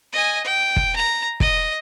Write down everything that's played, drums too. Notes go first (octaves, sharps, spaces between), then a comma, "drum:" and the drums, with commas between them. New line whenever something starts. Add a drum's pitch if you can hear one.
D#5 G#5
G5
drum: kick
A#5
D#5, drum: kick